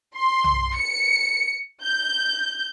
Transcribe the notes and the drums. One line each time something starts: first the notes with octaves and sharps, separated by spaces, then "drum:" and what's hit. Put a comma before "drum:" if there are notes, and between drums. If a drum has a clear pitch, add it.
C6
drum: tom
C#7
G6